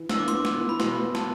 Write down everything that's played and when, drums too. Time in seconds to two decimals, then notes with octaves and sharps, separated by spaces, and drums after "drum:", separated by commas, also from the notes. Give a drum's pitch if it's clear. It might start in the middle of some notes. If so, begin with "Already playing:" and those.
Already playing: E3
0.09 D4 E6, drum: snare
0.19 D6
0.28 C6, drum: hi-hat
0.33 B3 D6
0.45 drum: snare
0.57 E3
0.69 B5
0.80 B2 C6, drum: snare
1.03 B3
1.15 A5, drum: snare